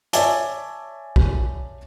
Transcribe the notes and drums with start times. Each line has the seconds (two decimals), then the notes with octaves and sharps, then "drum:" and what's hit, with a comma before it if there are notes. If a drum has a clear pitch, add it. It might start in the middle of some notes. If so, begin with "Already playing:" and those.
0.13 C#5 D5 E5 G#5 A5 D6, drum: hi-hat
1.16 drum: kick